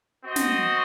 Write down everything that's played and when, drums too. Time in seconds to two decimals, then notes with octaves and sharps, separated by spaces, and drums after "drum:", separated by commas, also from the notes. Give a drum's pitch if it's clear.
0.24 C4 F#4 C5 D#5
0.36 drum: snare